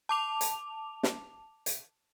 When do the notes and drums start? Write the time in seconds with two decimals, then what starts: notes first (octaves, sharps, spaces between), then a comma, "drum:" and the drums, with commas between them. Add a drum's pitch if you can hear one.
0.09 A5 D6 F7
0.41 drum: hi-hat
1.03 drum: snare
1.66 drum: hi-hat